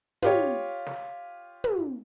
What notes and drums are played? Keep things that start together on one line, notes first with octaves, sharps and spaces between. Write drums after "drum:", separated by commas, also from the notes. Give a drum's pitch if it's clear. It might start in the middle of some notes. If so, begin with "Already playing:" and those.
F4 G4 C#5, drum: tom
drum: snare
drum: tom